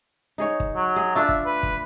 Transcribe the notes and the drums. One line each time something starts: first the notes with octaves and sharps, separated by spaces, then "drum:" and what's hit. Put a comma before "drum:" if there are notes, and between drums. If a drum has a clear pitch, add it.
D#4 G#4 C#5
drum: kick
F#3
G#4
A3 D4 F4 E5
drum: kick
B4
drum: kick